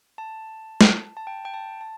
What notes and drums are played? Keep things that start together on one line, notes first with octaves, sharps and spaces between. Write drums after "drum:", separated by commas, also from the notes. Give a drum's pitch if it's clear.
A5
drum: snare
A5
G5
G5
A5
A5